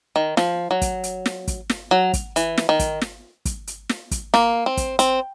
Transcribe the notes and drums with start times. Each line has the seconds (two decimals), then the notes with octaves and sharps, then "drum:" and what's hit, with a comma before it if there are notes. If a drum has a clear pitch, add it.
0.16 D#3
0.37 F3, drum: snare
0.71 F#3
0.82 drum: kick, hi-hat
1.04 drum: hi-hat
1.26 drum: snare
1.48 drum: kick, hi-hat
1.69 drum: snare
1.91 F#3
2.13 drum: kick, hi-hat
2.36 E3, drum: hi-hat
2.57 drum: snare
2.69 D#3
2.79 drum: kick, hi-hat
3.01 drum: snare
3.45 drum: kick, hi-hat
3.67 drum: hi-hat
3.89 drum: snare
4.11 drum: kick, hi-hat
4.34 A#3, drum: snare
4.66 C4
4.77 drum: kick, hi-hat
4.99 C4, drum: hi-hat